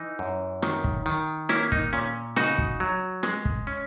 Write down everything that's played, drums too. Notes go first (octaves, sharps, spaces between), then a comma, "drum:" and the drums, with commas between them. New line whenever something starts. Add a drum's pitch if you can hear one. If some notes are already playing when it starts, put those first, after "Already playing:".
Already playing: E3 D#4
F#2
D#3, drum: rim click
drum: kick
D#3
A#3 C#4 E4, drum: rim click
D#4, drum: kick
A#2 C#4
C#3 D#4 F#4, drum: rim click
drum: kick
F#3
G#3, drum: rim click
drum: kick
C#4